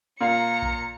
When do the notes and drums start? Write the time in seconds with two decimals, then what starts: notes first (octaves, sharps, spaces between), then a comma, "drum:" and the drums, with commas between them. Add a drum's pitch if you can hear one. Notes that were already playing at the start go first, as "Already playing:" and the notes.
0.21 A#2 F5 A#5 C#7
0.62 drum: kick A#1